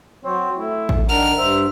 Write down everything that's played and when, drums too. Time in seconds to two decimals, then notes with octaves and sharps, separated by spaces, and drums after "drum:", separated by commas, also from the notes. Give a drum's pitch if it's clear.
0.25 F#3 C4 C#5
0.58 A3 E4
0.89 drum: kick A1
1.09 D#3 D4 A#4 F#5 F6
1.38 G2 C5 E5